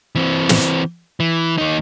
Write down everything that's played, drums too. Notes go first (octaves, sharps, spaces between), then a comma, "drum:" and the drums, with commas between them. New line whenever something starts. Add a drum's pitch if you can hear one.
E3 C4
drum: snare
E3
D#2 D#4